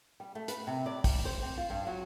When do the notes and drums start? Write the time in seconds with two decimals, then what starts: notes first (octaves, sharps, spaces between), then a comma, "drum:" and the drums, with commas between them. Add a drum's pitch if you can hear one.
0.20 G3
0.35 A3
0.48 B4, drum: hi-hat
0.67 C3
0.86 D5
1.04 G3, drum: kick, open hi-hat
1.25 C5
1.42 C4
1.57 F4
1.70 G2
1.87 F#3